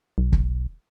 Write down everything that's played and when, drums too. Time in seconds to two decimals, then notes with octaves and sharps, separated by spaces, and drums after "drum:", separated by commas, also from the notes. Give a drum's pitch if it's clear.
0.18 B1
0.32 drum: kick